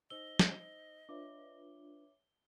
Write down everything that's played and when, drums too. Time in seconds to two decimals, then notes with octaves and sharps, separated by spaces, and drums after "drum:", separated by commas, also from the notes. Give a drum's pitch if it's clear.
0.10 D#4 C5 D#5 E6 G7
0.39 drum: snare
1.09 D4 F4 B4 C#5 E5 D6